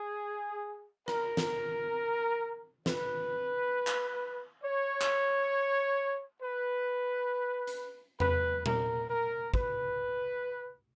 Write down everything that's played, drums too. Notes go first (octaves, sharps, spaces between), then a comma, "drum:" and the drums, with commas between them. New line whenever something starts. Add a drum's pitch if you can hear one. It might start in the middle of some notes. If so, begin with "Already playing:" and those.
Already playing: G#4
A#4, drum: rim click
drum: snare
B4, drum: snare
drum: clap
C#5
drum: clap
B4
drum: hi-hat
B4, drum: tom E2
A#4, drum: tom A#2
A#4
B4, drum: kick